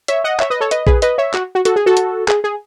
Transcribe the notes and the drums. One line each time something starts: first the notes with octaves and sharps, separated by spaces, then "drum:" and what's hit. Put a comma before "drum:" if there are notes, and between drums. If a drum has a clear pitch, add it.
C#5 E5, drum: hi-hat
D#5 F#5
C#5 E5, drum: clap
B4 D#5
A4 C#5
B4 D#5, drum: hi-hat
G#4 B4, drum: kick
B4 D#5, drum: hi-hat
C#5 E5
F#4, drum: clap
F#4
F#4 A4, drum: hi-hat
G#4
F#4 A4
drum: hi-hat
G#4, drum: clap
G#4